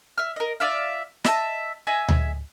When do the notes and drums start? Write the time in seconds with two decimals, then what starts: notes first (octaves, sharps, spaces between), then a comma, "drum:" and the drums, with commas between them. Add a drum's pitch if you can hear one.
0.18 E5 F6
0.36 A#4 D#5
0.60 F4 D5 E5 F5
1.24 D#5 E5 G#5 A5, drum: snare
1.87 G#4 D#5 E5 G#5
2.08 drum: tom D2